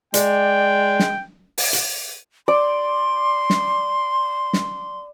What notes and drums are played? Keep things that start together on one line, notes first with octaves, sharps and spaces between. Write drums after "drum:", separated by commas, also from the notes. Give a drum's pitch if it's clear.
G#3 D5 G5, drum: hi-hat
drum: snare
drum: open hi-hat
drum: hi-hat
D5 C6
drum: snare
drum: snare